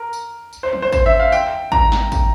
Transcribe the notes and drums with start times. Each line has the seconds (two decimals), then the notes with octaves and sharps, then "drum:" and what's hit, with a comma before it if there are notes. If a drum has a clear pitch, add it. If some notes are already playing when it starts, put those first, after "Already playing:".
Already playing: A#4
0.13 drum: tambourine
0.53 drum: tambourine
0.63 C5
0.73 drum: tom
0.82 C5
0.93 C5, drum: kick, tambourine
1.06 E5
1.20 F5
1.32 G5, drum: tambourine
1.72 A#5, drum: kick
1.92 drum: snare
2.12 drum: kick, tambourine